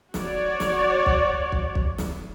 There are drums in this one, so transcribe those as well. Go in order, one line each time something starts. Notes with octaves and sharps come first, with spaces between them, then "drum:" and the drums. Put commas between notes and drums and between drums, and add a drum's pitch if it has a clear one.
F#4 C#5 D5, drum: snare
drum: snare
drum: kick
drum: kick
drum: kick
drum: snare